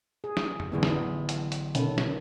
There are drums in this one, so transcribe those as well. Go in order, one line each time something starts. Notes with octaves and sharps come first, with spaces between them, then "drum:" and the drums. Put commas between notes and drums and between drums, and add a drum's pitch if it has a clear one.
G#4
drum: snare
drum: tom F2
A1 D3 F#3 B3 E4 G#4
drum: snare
drum: hi-hat
drum: hi-hat
B2 D#3 B3 C#4 A4, drum: hi-hat
drum: snare